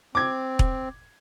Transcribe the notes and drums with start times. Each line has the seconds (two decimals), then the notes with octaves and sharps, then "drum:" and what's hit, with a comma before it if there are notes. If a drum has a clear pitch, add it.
0.15 C4 D6 G#6
0.59 drum: kick E1